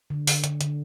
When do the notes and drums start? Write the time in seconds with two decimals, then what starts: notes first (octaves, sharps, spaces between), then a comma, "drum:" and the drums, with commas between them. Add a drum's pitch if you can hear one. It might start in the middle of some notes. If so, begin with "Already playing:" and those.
0.10 D3
0.27 D3, drum: open hi-hat
0.44 D3, drum: hi-hat
0.61 D3, drum: hi-hat